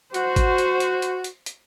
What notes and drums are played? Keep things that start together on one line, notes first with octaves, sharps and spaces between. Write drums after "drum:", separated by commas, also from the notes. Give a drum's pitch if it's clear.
F#4 C5, drum: hi-hat
drum: kick, hi-hat
drum: hi-hat
drum: hi-hat
drum: hi-hat
drum: hi-hat
drum: hi-hat